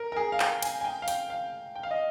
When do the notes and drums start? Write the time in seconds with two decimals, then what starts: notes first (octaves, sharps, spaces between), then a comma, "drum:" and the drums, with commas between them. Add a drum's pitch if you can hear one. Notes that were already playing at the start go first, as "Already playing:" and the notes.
Already playing: A#4
0.12 A#4
0.16 G#4
0.32 F5
0.40 G5, drum: clap
0.62 G#5, drum: cymbal
0.81 G#5
0.84 G5
1.02 F5
1.08 G5, drum: hi-hat
1.30 F5
1.75 G5
1.83 F5
1.91 D#5